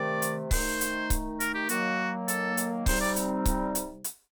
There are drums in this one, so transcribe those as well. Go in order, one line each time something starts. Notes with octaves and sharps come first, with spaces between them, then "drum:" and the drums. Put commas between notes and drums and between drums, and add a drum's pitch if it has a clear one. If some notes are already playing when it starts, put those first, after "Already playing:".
Already playing: C3 D#3 A3 D5
drum: hi-hat
D#3 A3 D#4 C5, drum: kick C#1, open hi-hat
drum: hi-hat
drum: kick C#1, hi-hat
A#4, drum: hi-hat
G4
D#3 F#3 A#3 F#4, drum: hi-hat
A4, drum: hi-hat
drum: hi-hat
C3 G3 C4 D#4 C5, drum: kick C#1, open hi-hat
D5
drum: hi-hat
drum: kick C#1, hi-hat
drum: hi-hat
drum: hi-hat